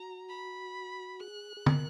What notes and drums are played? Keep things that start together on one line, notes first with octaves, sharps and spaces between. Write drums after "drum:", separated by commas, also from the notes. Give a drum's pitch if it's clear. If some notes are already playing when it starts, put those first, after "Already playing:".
Already playing: F#4 A#5
B5
G#4 F#6
G#4
A#4, drum: tom